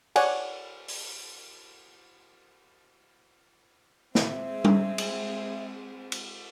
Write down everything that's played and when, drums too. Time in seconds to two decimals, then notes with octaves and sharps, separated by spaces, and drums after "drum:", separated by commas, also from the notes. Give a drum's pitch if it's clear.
0.16 C#5 D5 F#5 G#5, drum: cymbal
0.88 drum: open hi-hat
4.15 G#3 C4 E5, drum: snare
4.64 drum: tom G3
4.98 drum: cymbal
6.12 drum: cymbal